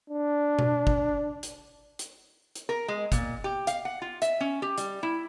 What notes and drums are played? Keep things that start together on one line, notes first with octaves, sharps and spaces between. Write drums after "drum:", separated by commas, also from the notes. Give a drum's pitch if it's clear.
D4
drum: tom B2
drum: kick
drum: hi-hat
drum: hi-hat
drum: hi-hat
A#4
G#3
A#2, drum: kick, hi-hat
G4
F5, drum: hi-hat
F#5
F4
E5, drum: hi-hat
C#4
G4
G3, drum: hi-hat
E4